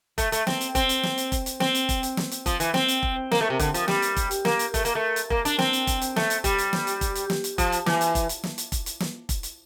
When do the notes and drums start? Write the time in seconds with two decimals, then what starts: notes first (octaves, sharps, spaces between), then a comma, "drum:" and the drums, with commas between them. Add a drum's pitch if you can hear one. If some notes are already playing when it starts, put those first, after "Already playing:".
0.18 A3, drum: kick F1, hi-hat
0.32 A3, drum: hi-hat
0.47 C4, drum: snare
0.61 drum: hi-hat
0.75 C4, drum: kick F1, hi-hat
0.89 drum: hi-hat
1.03 drum: snare
1.18 drum: hi-hat
1.32 drum: kick F1, hi-hat
1.46 drum: hi-hat
1.60 C4, drum: snare
1.75 drum: hi-hat
1.89 drum: kick F1, hi-hat
2.03 drum: hi-hat
2.17 drum: snare
2.31 drum: hi-hat
2.46 F3, drum: kick F1, hi-hat
2.60 E3, drum: hi-hat
2.74 C4, drum: snare
2.88 drum: hi-hat
3.03 drum: kick F1
3.31 A#3, drum: snare
3.41 A3
3.50 C3
3.59 D3, drum: kick F1, hi-hat
3.74 F3, drum: hi-hat
3.88 G3, drum: snare
4.02 drum: hi-hat
4.16 drum: kick F1, hi-hat
4.31 drum: hi-hat
4.45 A#3, drum: snare
4.59 drum: hi-hat
4.74 A3, drum: kick F1, hi-hat
4.85 A#3, drum: hi-hat
4.95 A3
5.16 drum: hi-hat
5.30 A#3, drum: kick F1
5.45 D4, drum: hi-hat
5.59 C4, drum: snare
5.73 drum: hi-hat
5.87 drum: kick F1, hi-hat
6.02 drum: hi-hat
6.16 A3, drum: snare
6.30 drum: hi-hat
6.44 G3, drum: kick F1, hi-hat
6.58 drum: hi-hat
6.73 drum: snare
6.87 drum: hi-hat
7.01 drum: kick F1, hi-hat
7.15 drum: hi-hat
7.30 drum: snare
7.44 drum: hi-hat
7.58 F3, drum: kick F1, hi-hat
7.72 drum: hi-hat
7.86 E3, drum: snare
8.01 drum: hi-hat
8.15 drum: kick F1, hi-hat
8.29 drum: hi-hat
8.43 drum: snare
8.58 drum: hi-hat
8.72 drum: kick F1, hi-hat
8.86 drum: hi-hat
9.00 drum: snare
9.29 drum: kick F1, hi-hat
9.43 drum: hi-hat